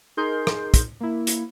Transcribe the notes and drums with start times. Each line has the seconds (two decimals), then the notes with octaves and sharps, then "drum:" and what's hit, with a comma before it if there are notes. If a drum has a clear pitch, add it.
0.17 D#4 G#4 A#4 C6 G6
0.47 drum: rim click
0.74 drum: kick, hi-hat
1.00 A#3 E4
1.27 drum: hi-hat